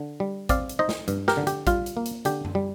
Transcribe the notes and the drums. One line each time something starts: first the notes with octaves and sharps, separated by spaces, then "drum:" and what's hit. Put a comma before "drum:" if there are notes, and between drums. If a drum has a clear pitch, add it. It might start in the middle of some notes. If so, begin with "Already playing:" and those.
Already playing: D3
G3
C4 D5 F5, drum: kick A1, hi-hat
drum: hi-hat
D#4 C5 D#5
drum: snare
G2, drum: hi-hat
G4 A#4, drum: snare
D3
G4, drum: hi-hat
G3 F4, drum: kick A1, hi-hat
drum: hi-hat
A#3
drum: hi-hat
D3 G4, drum: hi-hat
drum: tom F#2
G3